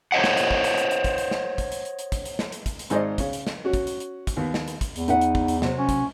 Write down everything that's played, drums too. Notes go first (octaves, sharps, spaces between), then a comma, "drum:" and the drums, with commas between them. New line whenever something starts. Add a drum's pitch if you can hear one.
C5 C#5 D#5 F#5
drum: snare
drum: hi-hat
drum: kick
drum: hi-hat
drum: hi-hat
drum: hi-hat
drum: kick, hi-hat
drum: hi-hat
drum: snare
drum: kick, hi-hat
drum: hi-hat
drum: hi-hat
drum: hi-hat
drum: kick, hi-hat
drum: hi-hat
drum: snare
drum: hi-hat
drum: kick, hi-hat
drum: hi-hat
G#1 G#2 D#4 C5 D5 D#5, drum: hi-hat
C#3 C#5, drum: kick, hi-hat
drum: hi-hat
drum: snare
C#4 F#4
drum: kick, hi-hat
drum: hi-hat
drum: hi-hat
drum: kick, hi-hat
D#2 B3
drum: snare
drum: hi-hat
drum: kick, hi-hat
E2, drum: hi-hat
D#4 E5 F#5, drum: hi-hat
drum: hi-hat
drum: kick
drum: hi-hat
C3 F#3, drum: snare
C#4
drum: kick, hi-hat